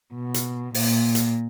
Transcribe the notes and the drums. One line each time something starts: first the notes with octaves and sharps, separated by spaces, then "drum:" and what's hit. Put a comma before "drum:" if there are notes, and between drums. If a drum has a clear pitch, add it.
B2
drum: hi-hat
A#2, drum: open hi-hat
drum: hi-hat